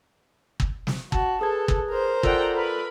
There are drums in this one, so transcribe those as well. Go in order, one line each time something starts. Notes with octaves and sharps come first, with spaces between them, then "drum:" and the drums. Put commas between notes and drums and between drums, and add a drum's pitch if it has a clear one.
drum: kick
drum: snare
F#4 A5, drum: kick
G#4 A4 B4 G#6
drum: kick
A#4 C5
F4 A4 D5 F#5 G5 A#5, drum: kick
A#4 B4 B5